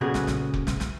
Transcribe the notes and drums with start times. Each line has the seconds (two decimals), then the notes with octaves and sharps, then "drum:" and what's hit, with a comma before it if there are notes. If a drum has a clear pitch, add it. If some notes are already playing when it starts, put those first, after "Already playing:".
0.01 A#2 C#3 B3 F#4 G#4 A4
0.14 drum: snare
0.27 drum: snare
0.54 drum: kick F1
0.67 drum: snare
0.80 drum: snare